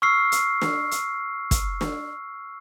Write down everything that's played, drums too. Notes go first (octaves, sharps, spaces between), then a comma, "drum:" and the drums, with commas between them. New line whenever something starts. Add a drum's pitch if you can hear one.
C#6 E6 F6 C7
drum: hi-hat
drum: snare
drum: hi-hat
drum: kick, hi-hat
drum: snare